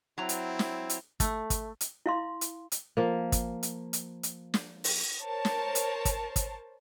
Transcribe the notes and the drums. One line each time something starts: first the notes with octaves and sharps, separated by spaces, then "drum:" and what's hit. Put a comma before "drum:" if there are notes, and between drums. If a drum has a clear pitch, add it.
F#3 C4 E4 A#5
drum: hi-hat
drum: snare
drum: hi-hat
A3, drum: kick, hi-hat
drum: kick, hi-hat
drum: hi-hat
E4 F5 C6
drum: hi-hat
drum: hi-hat
F3 A#3
drum: kick, hi-hat
drum: hi-hat
drum: hi-hat
drum: hi-hat
drum: snare
drum: open hi-hat
A#4 C5 C#5 A5
drum: snare
drum: hi-hat
drum: kick, hi-hat
drum: kick, hi-hat